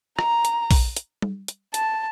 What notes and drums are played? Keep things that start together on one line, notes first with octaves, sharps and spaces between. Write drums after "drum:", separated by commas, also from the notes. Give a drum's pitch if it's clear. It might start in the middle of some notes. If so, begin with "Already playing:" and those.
A#5, drum: rim click
drum: hi-hat
drum: kick A#1, open hi-hat
drum: hi-hat
drum: tom G3
drum: hi-hat
A5, drum: hi-hat